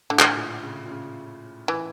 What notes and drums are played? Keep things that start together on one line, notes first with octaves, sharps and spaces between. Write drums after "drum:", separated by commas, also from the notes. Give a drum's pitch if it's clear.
A2 D3
drum: clap
A#2
C#3
A#2
C#3
E3